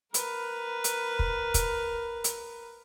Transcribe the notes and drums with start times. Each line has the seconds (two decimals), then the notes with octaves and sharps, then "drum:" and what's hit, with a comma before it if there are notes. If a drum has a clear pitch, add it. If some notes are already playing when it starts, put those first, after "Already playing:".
0.14 A#4 B4, drum: hi-hat
0.84 drum: hi-hat
1.19 drum: kick
1.54 drum: kick, hi-hat
2.24 drum: hi-hat